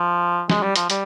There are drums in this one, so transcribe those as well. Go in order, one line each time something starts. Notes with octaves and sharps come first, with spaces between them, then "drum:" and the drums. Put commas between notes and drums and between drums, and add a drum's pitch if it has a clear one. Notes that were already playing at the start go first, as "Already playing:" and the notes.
Already playing: F3
G#3, drum: snare
G3
F3, drum: hi-hat
G3, drum: hi-hat